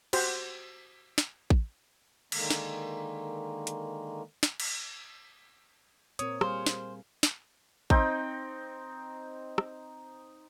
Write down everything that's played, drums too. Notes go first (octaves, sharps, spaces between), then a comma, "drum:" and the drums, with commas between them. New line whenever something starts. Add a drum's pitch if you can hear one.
F#4 G4 C5, drum: cymbal
drum: snare
drum: kick A1
D3 D#3 G#3 A#3, drum: cymbal
drum: snare
drum: hi-hat
drum: snare
drum: cymbal
A#2 C4 A#4 C#5 D#6, drum: hi-hat
G3 G#4 C5 F5, drum: rim click
drum: snare
drum: snare
C4 D#4 G5, drum: kick A1
drum: rim click